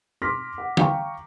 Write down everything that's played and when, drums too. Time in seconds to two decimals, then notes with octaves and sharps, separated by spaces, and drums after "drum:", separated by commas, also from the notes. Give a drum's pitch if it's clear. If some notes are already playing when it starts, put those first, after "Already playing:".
0.22 C6 D6 F6 A#6 B6
0.58 F#5
0.77 F5 G5 A#5 C#6, drum: tom D3